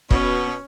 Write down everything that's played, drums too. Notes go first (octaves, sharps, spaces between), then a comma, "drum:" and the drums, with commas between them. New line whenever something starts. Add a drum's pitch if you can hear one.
B2 C#4, drum: kick